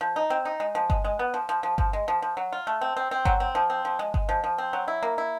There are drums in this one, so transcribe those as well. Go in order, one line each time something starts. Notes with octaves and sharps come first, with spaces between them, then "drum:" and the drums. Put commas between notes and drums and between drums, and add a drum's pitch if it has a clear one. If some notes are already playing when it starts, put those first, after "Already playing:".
F3
D#4
C4
D#4
G#3
F3
G#3, drum: kick G1
G#3
B3
F3
F3
F3
F3, drum: kick G1
G#3
F3
F3
F#3
F4
A3
C4
C4
C4
F#3, drum: kick G1
C4
F3
C4
F3
G#3
G#3, drum: kick G1
F3
F3
C4
F#3
E4
A#3
E4